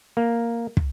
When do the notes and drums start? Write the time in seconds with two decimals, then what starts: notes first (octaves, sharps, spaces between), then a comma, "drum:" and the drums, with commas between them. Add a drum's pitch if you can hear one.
0.17 A#3
0.77 drum: kick